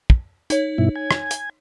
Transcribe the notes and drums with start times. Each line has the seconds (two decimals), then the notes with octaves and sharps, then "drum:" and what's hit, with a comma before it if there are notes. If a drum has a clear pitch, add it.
0.10 drum: kick
0.50 D#4 C#5, drum: hi-hat
0.78 G2 B2 E4
0.96 G#5
1.11 drum: rim click
1.31 drum: hi-hat